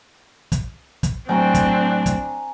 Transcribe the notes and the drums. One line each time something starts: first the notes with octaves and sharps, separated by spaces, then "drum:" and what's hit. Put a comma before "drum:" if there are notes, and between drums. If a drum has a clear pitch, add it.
drum: kick, hi-hat
drum: kick, hi-hat
A2 F#3 C4 D4 G5 G#5 A#5 C#6
drum: kick, hi-hat
drum: kick, hi-hat